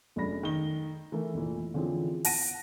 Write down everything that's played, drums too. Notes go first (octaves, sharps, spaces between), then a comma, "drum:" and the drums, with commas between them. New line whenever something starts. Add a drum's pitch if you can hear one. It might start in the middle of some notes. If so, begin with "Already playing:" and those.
F1 F#2 G#3 D4 B5 A#6
D#3 G7
E3 A3 E4 A#4
F1 A#2 E3
D3 E3 F3 C4 C#4 G#4
F#5 A5 A#6 D7 D#7, drum: open hi-hat